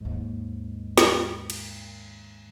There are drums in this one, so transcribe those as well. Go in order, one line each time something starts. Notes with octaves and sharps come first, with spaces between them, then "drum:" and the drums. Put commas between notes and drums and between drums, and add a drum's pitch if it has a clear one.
D#2 G#2
drum: snare
drum: cymbal